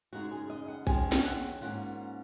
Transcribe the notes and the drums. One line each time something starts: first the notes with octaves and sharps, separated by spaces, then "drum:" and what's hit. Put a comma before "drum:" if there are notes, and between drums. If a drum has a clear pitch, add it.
F#2 C#3 G#3 D#4 F#4
G#4
D#5
F#5
D#3 G#3 C#4 G#5, drum: kick A#1
drum: snare
F#5
G#2 D#3 A#3 C#4 F4 F#5